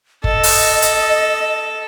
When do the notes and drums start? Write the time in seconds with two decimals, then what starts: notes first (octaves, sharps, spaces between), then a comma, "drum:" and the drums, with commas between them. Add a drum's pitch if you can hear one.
0.24 A4 D#5, drum: kick
0.43 drum: open hi-hat
0.82 drum: hi-hat